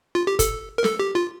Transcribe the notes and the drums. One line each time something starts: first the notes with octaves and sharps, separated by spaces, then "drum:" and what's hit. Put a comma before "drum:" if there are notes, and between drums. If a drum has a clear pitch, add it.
F4
G4
A4, drum: kick, hi-hat
A#4
A4, drum: snare
G4
F4